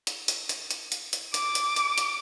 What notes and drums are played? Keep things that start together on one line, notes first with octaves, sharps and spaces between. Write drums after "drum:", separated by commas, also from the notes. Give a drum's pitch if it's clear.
drum: hi-hat
drum: hi-hat
drum: hi-hat
drum: hi-hat
drum: hi-hat
drum: hi-hat
D6, drum: hi-hat
drum: hi-hat
drum: hi-hat
drum: hi-hat